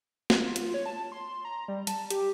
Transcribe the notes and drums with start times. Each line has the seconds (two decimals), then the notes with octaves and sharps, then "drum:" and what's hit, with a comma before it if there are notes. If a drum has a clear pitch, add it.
0.30 F4, drum: snare
0.56 drum: hi-hat
0.74 C#5
0.86 A5
1.12 C6
1.45 A#5
1.68 G3
1.87 A5, drum: hi-hat
2.10 G4, drum: hi-hat